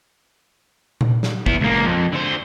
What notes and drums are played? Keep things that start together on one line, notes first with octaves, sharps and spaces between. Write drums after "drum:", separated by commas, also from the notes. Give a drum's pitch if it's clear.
drum: tom A#2
drum: snare
B3 E4, drum: kick
C#2 A#3
F2
D3 C5